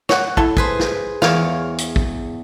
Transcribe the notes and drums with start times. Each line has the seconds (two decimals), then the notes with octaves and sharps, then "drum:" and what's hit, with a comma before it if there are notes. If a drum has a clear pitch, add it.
0.09 C#5 F#5, drum: snare
0.37 E4 A4, drum: kick
0.57 G#4 B4 C5, drum: kick
0.79 drum: snare
1.22 E2 C#5 F5, drum: snare
1.78 drum: hi-hat
1.96 drum: kick